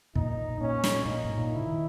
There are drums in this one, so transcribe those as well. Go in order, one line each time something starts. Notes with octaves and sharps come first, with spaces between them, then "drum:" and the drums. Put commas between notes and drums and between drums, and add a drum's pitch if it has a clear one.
A#2 D#4, drum: kick
A#2 C#4
drum: snare
A#2 D#4
G#2
A#2
C#3 E4
D#3